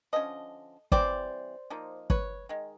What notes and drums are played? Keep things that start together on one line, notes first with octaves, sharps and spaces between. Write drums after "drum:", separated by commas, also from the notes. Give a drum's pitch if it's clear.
D3 F3 C#4 D#5
E3 G3 C4 C5 D5, drum: kick
F3 A#3 D#4
B4 C#5, drum: kick
D#3 G#3